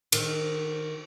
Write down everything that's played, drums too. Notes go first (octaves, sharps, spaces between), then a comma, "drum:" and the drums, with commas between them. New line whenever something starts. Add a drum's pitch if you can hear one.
D#3, drum: cymbal